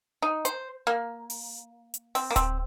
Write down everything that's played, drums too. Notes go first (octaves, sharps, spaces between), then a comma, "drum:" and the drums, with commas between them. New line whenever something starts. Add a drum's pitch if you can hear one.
D#4
C5, drum: hi-hat
A#3
drum: open hi-hat
drum: hi-hat
C4, drum: open hi-hat
A#3
C4, drum: kick D1, hi-hat